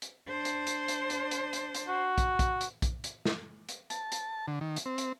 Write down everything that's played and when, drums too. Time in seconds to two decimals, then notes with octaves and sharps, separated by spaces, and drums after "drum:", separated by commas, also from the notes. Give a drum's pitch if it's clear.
0.02 drum: hi-hat
0.28 D4 C5
0.45 drum: hi-hat
0.67 drum: hi-hat
0.88 drum: hi-hat
1.10 drum: hi-hat
1.31 drum: hi-hat
1.53 drum: hi-hat
1.75 drum: hi-hat
1.88 F#4
2.18 drum: kick, hi-hat
2.39 drum: kick, hi-hat
2.61 drum: hi-hat
2.82 drum: kick, hi-hat
3.04 drum: hi-hat
3.25 drum: snare
3.69 drum: hi-hat
3.90 A5, drum: hi-hat
4.12 drum: hi-hat
4.48 D3
4.61 D#3
4.76 drum: hi-hat
4.86 C4
4.98 drum: hi-hat